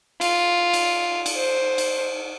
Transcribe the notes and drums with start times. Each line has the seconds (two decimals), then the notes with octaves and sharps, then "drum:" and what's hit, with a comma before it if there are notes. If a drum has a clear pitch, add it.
0.21 F4, drum: cymbal
0.73 drum: cymbal
1.26 drum: cymbal
1.36 C5
1.78 drum: cymbal